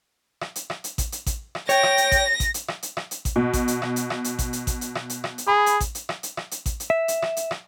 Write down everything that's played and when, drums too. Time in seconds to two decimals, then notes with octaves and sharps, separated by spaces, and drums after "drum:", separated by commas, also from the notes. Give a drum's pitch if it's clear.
0.41 drum: rim click
0.56 drum: hi-hat
0.70 drum: rim click
0.84 drum: hi-hat
0.98 drum: kick A1, hi-hat
1.12 drum: hi-hat
1.26 drum: kick A1, hi-hat
1.55 drum: rim click
1.69 C#5 G5 A#6, drum: hi-hat
1.83 drum: rim click
1.97 drum: hi-hat
2.12 drum: kick A1, hi-hat
2.40 drum: kick A1, hi-hat
2.54 drum: hi-hat
2.68 drum: rim click
2.83 drum: hi-hat
2.97 drum: rim click
3.11 drum: hi-hat
3.25 drum: kick A1, hi-hat
3.36 B2
3.53 drum: kick A1, hi-hat
3.68 drum: hi-hat
3.82 drum: rim click
3.96 drum: hi-hat
4.10 drum: rim click
4.24 drum: hi-hat
4.39 drum: kick A1, hi-hat
4.53 drum: hi-hat
4.67 drum: kick A1, hi-hat
4.81 drum: hi-hat
4.95 drum: rim click
5.10 drum: hi-hat
5.24 drum: rim click
5.38 drum: hi-hat
5.47 G#4 B5
5.66 drum: hi-hat
5.80 drum: kick A1, hi-hat
5.95 drum: hi-hat
6.09 drum: rim click
6.23 drum: hi-hat
6.37 drum: rim click
6.51 drum: hi-hat
6.66 drum: kick A1, hi-hat
6.80 drum: hi-hat
6.90 E5
7.08 drum: hi-hat
7.22 drum: rim click
7.37 drum: hi-hat
7.51 drum: rim click